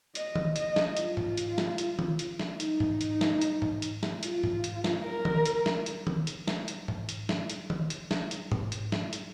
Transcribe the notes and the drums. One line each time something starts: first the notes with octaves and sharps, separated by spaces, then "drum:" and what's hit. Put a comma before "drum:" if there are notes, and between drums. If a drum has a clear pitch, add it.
D#5, drum: hi-hat
drum: tom
D#5, drum: hi-hat
drum: snare
F4, drum: hi-hat
drum: tom G#2
drum: hi-hat
drum: snare
drum: hi-hat
drum: tom
drum: hi-hat
drum: snare
D#4, drum: hi-hat
drum: tom G#2
drum: hi-hat
drum: snare
drum: hi-hat
drum: tom G#2
drum: hi-hat
drum: snare
F4, drum: hi-hat
drum: tom G#2
drum: hi-hat
drum: snare
A#4
drum: tom
drum: hi-hat
drum: snare
drum: hi-hat
drum: tom
drum: hi-hat
drum: snare
drum: hi-hat
drum: tom G#2
drum: hi-hat
drum: snare
drum: hi-hat
drum: tom
drum: hi-hat
drum: snare
drum: hi-hat
drum: tom
drum: hi-hat
drum: snare
drum: hi-hat